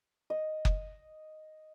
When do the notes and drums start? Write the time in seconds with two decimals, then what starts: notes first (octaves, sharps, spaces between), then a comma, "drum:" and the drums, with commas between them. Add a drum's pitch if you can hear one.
0.30 D#5
0.65 drum: kick F#1